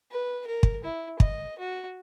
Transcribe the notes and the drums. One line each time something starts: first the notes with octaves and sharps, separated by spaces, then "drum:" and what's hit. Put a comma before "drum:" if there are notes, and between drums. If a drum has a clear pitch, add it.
B4
A#4
drum: kick
E4
D#5, drum: kick
F#4